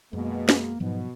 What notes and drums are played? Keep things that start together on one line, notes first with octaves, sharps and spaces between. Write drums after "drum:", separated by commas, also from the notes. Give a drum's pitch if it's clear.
F#2 B2 G#3 A#3
drum: snare
G#2 B2 F3 F#3 B3